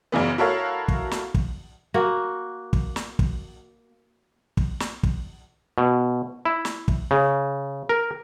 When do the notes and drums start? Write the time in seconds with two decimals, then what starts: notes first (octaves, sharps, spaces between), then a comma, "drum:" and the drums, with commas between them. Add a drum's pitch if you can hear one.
0.12 F#2 C#3 E3 B3
0.38 E4 F#4 A4 A#4 C#5 F5
0.88 drum: kick
1.11 drum: snare
1.34 drum: kick
1.94 A#3 F#4
2.73 drum: kick
2.96 drum: snare
3.19 drum: kick
4.57 drum: kick
4.80 drum: snare
5.03 drum: kick
5.78 B2
6.45 E4
6.65 drum: snare
6.88 drum: kick
7.11 C#3
7.89 A#4